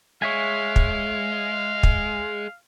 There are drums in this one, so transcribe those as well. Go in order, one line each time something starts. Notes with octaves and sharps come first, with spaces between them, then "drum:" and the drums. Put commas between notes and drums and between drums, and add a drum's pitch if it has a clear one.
G#3 C#5 E5 F5 G#5
drum: kick
drum: kick